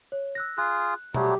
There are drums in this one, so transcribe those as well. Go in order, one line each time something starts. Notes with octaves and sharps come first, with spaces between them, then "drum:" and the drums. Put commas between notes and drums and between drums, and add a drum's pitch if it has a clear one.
C#5
E6 F#6 A#6
F4 G#4 F#6
F#3 G3 A3 G4, drum: tom B2